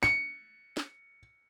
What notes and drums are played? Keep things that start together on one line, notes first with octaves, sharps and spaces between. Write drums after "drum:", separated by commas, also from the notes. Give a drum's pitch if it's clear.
C#7, drum: snare
drum: snare